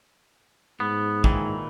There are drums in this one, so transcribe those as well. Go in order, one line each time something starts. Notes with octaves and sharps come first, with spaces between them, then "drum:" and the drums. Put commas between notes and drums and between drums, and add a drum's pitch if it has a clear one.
G#2 B3
A#2 D#3 E3, drum: kick